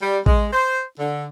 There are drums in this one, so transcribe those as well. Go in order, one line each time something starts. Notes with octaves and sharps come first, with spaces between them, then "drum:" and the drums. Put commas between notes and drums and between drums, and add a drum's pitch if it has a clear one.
G3
G#3, drum: kick A1
C5
D3